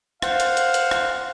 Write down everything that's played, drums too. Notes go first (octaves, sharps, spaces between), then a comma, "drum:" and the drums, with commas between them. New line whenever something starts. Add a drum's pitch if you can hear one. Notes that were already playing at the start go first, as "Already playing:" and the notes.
C5 F5 F#5, drum: rim click
drum: hi-hat
drum: hi-hat
drum: hi-hat
drum: rim click